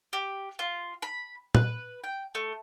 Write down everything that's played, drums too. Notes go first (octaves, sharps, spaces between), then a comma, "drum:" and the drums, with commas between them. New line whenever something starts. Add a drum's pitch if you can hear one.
G4
F4
B5
B4, drum: tom
G5
A3